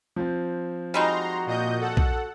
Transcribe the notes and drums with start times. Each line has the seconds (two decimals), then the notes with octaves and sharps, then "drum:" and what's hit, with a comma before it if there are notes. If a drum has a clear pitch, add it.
0.16 F3 C4
0.94 G3 G#3 D#4 F#4 A#5 C6
1.46 A#2 D#5 G6
1.80 A4 F#5
1.97 drum: kick